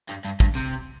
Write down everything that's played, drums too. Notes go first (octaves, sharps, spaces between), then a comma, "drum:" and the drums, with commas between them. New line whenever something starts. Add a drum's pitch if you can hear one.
G2
G2
G2, drum: kick
C3